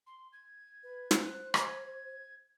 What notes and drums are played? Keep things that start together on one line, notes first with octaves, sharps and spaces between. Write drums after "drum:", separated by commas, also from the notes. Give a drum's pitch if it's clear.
C6
G#6
B4
drum: snare
C5 F#6
G#6, drum: rim click